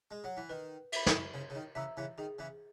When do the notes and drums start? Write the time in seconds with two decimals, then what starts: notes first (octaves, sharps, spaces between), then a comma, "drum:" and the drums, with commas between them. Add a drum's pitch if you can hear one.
0.11 G#3
0.24 F#3
0.37 E3
0.49 D#3 B4
0.92 E5 B5, drum: cymbal
1.06 drum: snare
1.34 C#3 C#5
1.50 C#3
1.55 D#3
1.75 C#3 E3 E5 A#5 E6
1.97 C#3 E3
2.18 D#3 G#4
2.39 C#3 E3